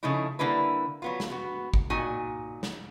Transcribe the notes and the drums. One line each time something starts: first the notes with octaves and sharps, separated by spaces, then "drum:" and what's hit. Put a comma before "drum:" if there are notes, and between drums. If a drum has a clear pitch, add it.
C#3 F3 A3 D#4 E4
D3 G3 A#3 E4 B4
F#3 B3 F4
drum: snare
B3 F#4
drum: kick
A#2 D#4 F#4 G#5
drum: snare